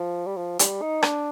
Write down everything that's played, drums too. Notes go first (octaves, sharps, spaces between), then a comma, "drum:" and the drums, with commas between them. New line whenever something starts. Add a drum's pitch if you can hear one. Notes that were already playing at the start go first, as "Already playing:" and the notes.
Already playing: F3
G3
F3
G3, drum: hi-hat
D#4
D4, drum: rim click